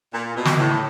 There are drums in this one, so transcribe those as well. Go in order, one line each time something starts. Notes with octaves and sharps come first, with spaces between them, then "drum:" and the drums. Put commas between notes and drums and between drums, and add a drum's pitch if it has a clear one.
A#2
B2
drum: snare
A2